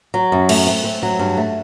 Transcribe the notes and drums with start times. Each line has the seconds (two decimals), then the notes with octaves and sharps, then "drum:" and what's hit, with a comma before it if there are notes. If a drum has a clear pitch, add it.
0.14 F#3
0.32 F#2
0.49 A3, drum: cymbal
0.67 C4
0.84 C4
1.03 F#3
1.19 G2
1.37 A3